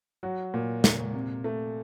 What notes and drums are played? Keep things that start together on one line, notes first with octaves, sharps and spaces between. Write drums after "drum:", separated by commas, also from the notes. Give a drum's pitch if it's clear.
F#3 F#4
A#2
A#2, drum: snare
C3
A3